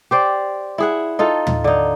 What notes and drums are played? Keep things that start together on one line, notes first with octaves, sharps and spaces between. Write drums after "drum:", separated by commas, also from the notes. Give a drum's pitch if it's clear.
G4 C5 D5
E4 G#4 F#5
D#4 F4 A4
drum: tom
D3 D#4